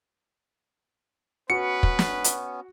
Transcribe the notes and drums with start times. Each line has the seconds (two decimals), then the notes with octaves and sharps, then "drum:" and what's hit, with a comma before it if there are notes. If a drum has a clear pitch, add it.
1.50 B3 C#4 F#4 B4 C#7
1.83 drum: kick
1.99 drum: snare
2.24 drum: hi-hat